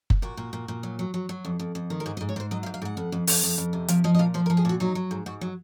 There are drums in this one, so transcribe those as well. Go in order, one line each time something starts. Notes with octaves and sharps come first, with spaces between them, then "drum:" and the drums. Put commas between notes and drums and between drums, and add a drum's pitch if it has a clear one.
drum: kick F#1
A#2 F#4
A#2
A#2
A#2
F#3
F#3
F#3
F#3
F2
F2
F2
D#3
A#4
G#2 G#4
D#5
G#2
C#5
G#2 C5
F#3 D#5
F5
G#2
F5
G#2 F#5
F2
F2
F2, drum: open hi-hat
F2
F2
C3
F3 F5, drum: hi-hat
F3 D#5
D#5
A#2 F5
F3 C5
A#4
F3
G#4
A#2 F#4
F#3 D#4
F#3
G#2
G#2 F#4
F#3